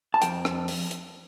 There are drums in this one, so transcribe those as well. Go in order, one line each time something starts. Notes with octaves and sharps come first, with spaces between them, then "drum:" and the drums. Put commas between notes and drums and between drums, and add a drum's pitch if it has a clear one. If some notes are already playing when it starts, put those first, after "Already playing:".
A5
F2 G5, drum: hi-hat
drum: rim click
drum: open hi-hat
drum: hi-hat